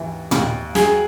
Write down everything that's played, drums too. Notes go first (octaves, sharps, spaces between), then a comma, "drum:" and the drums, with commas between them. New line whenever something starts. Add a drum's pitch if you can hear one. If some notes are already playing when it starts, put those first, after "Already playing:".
Already playing: D#2 E3
D#2, drum: tom
F#3 G#4, drum: snare